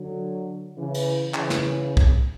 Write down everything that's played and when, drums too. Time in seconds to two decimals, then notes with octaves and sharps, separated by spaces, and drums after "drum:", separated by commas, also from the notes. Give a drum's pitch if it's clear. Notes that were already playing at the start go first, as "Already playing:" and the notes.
Already playing: D3 F#3
0.77 C#3 E3
0.94 drum: cymbal
1.34 C#3 E3, drum: clap
1.50 drum: snare
1.97 drum: kick